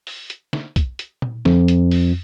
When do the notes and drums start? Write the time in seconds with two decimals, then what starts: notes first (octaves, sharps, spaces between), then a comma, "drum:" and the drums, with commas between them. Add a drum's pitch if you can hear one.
0.07 drum: open hi-hat
0.30 drum: hi-hat
0.53 drum: snare
0.76 drum: kick, hi-hat
0.99 drum: hi-hat
1.22 drum: tom A#2
1.45 F2, drum: snare
1.68 drum: hi-hat
1.91 drum: open hi-hat